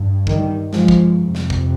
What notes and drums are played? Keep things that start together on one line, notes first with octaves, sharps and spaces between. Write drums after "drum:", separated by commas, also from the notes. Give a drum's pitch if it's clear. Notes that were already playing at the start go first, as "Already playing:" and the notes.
Already playing: G2
D#3 G3, drum: kick
F3 G#3, drum: snare
drum: kick
F2 C3
drum: snare
drum: kick